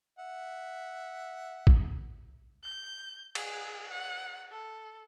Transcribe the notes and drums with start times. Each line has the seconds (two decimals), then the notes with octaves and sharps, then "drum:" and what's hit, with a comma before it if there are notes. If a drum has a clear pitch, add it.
0.19 E5 F#5
1.67 drum: kick
2.63 G6
3.35 G#4, drum: cymbal
3.91 F#5
4.51 A4